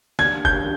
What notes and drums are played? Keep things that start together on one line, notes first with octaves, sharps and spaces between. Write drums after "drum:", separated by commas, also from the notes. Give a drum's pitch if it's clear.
D3 G3 A#3 G#6, drum: snare
G6, drum: kick F1